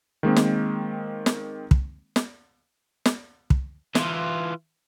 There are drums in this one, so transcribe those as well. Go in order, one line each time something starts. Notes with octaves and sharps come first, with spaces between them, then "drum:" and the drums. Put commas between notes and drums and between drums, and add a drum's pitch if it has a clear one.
D#3 G#3 A#3 C4
drum: snare
drum: snare
drum: kick
drum: snare
drum: snare
drum: kick
E3 F4, drum: snare